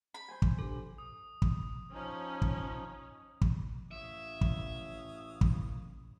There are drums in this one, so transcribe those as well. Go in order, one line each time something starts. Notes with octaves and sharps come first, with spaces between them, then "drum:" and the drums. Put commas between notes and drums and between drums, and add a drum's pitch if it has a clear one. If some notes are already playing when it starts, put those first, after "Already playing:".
B5
C5 G#5
drum: kick
D4 G4 A4
D#6
drum: kick
F3 C#4 D#4
drum: kick
drum: kick
A1 C#5 E5 F5 D#6
drum: kick
drum: kick